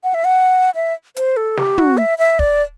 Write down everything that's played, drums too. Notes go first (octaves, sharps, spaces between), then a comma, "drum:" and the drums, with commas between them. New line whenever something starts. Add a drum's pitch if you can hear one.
F#5
E5
F#5
E5
C5, drum: hi-hat
A4
G4, drum: snare
F#4, drum: tom
E5
E5
D5, drum: kick